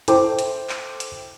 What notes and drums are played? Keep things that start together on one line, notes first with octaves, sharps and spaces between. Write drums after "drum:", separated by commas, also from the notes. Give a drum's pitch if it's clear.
E4 A4 C5 G5 D6, drum: hi-hat
drum: hi-hat
drum: clap
drum: hi-hat